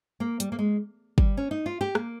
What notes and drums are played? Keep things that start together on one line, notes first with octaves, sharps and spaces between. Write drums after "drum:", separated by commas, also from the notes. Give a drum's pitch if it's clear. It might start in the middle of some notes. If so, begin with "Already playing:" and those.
A#3
G3, drum: hi-hat
A#3
G#3
G3, drum: kick
C#4
D#4
F4
G4
A#3, drum: rim click